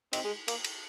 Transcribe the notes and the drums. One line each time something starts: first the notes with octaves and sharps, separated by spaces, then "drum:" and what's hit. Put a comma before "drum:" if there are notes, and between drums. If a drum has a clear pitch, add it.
C4 D#4, drum: cymbal
G#3
A#3, drum: cymbal
drum: cymbal